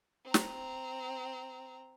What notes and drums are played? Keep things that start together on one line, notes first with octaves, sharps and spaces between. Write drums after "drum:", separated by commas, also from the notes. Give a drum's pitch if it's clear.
C4 A#5
drum: snare